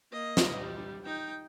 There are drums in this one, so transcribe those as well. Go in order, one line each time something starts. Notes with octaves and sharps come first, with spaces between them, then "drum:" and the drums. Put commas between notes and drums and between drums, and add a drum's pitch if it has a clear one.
A#3 D#5
drum: snare
G3
D#4 G5